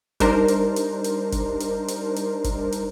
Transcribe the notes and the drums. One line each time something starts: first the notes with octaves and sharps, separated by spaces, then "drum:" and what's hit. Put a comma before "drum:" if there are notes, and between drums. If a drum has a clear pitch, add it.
G3 D4 D#4 A#4 C5, drum: kick, hi-hat
drum: hi-hat
drum: hi-hat
drum: hi-hat
drum: kick, hi-hat
drum: hi-hat
drum: hi-hat
drum: hi-hat
drum: kick, hi-hat
drum: hi-hat